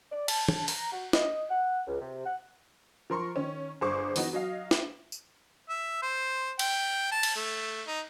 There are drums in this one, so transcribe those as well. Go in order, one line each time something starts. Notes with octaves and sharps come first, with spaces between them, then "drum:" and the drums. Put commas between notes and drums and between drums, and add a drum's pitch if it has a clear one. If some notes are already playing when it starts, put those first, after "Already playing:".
D5
A5, drum: cymbal
A5, drum: tom
A#5, drum: open hi-hat
F#4
D#5, drum: snare
F#5
C#2
C3
F#5
F3 A#4 C6 C#6
D#3 C#4
G1 G#4 C5 C#6 D6
E3 B3 D#4 F#4, drum: open hi-hat
F#3 D#5 F5
drum: snare
drum: tambourine
E5
C5
G5, drum: cymbal
A5
drum: cymbal
A3
D#4